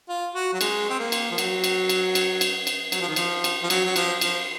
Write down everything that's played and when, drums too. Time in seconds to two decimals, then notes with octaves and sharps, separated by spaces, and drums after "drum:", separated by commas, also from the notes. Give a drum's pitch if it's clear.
0.09 F4
0.35 F#4
0.53 F#3
0.61 G#3, drum: cymbal
0.90 C4
0.99 A#3
1.12 drum: cymbal
1.31 F3
1.38 F#3, drum: cymbal
1.64 drum: cymbal
1.89 drum: cymbal
2.15 drum: cymbal
2.41 drum: cymbal
2.67 drum: cymbal
2.92 F#3, drum: cymbal
3.01 F3
3.08 D#3
3.16 F3, drum: cymbal
3.44 drum: cymbal
3.63 F3
3.70 F#3, drum: cymbal
3.85 F#3
3.96 F3, drum: cymbal
4.21 F3, drum: cymbal